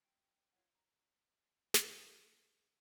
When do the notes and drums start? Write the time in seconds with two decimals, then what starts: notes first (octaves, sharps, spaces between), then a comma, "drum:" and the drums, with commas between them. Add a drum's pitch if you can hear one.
0.05 G5
0.53 F4 C#5 F5 F#5
0.75 A#5
1.74 F#5 B5, drum: snare
2.10 F4 A5